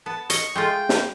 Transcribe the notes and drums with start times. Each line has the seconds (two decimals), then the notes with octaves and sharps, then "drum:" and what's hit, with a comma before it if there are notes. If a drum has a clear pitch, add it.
0.06 B3 A5
0.30 D#5 C#6, drum: hi-hat
0.56 G#3 A3 F4 G5
0.89 drum: snare